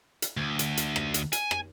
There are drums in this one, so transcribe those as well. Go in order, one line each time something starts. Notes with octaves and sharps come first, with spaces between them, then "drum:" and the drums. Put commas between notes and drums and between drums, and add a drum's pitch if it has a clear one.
drum: hi-hat
D2
drum: hi-hat
drum: hi-hat
drum: rim click
drum: hi-hat
G#5, drum: hi-hat
drum: rim click